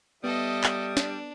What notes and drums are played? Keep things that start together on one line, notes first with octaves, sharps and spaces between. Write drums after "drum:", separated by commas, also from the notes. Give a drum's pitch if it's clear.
G3 B3 A4 D#5 E5 D#6
drum: clap
D4, drum: snare